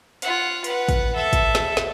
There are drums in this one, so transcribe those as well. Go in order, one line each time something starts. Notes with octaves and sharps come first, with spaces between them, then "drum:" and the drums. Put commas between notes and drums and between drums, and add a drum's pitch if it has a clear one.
F4 F#5, drum: hi-hat
B4 F#5, drum: hi-hat
drum: kick, hi-hat
A4 E5
drum: kick, hi-hat
drum: snare
drum: snare